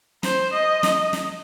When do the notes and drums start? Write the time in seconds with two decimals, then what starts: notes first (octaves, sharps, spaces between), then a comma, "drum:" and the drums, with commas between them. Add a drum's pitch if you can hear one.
0.23 C5, drum: snare
0.54 D#5
0.83 drum: snare
1.13 drum: snare